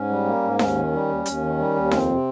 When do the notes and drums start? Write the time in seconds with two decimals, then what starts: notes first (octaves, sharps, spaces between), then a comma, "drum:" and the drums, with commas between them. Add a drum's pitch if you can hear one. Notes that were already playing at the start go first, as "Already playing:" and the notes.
Already playing: G#2 C#4
0.09 G3
0.25 A#3
0.43 G#2
0.59 D#2 C#4, drum: snare D#4
0.75 D#3
0.93 G3
1.08 D#2
1.26 D#2, drum: hi-hat
1.41 D#3
1.58 G3
1.75 D#2
1.91 F2 C4, drum: snare D#4
2.08 C3